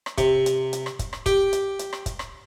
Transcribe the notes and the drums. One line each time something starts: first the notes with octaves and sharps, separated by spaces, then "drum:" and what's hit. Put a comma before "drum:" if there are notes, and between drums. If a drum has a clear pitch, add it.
drum: rim click
C3, drum: kick, hi-hat
drum: hi-hat
drum: hi-hat
drum: rim click
drum: kick, hi-hat
drum: rim click
G4, drum: kick, hi-hat
drum: hi-hat
drum: hi-hat
drum: rim click
drum: kick, hi-hat
drum: rim click